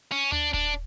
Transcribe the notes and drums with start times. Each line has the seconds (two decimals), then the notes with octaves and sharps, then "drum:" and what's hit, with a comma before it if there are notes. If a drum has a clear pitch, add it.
0.12 C#4
0.32 D4, drum: tom D2
0.54 D4, drum: kick D#1